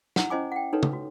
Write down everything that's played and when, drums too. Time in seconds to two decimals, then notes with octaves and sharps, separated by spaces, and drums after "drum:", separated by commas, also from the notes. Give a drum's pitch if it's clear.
0.16 E4 F#5, drum: snare
0.30 C#4 E4 C5 D#5 G#5 D6
0.52 F#5 G5
0.73 D#4 A4 B4 C#5
0.83 drum: tom
0.93 F#4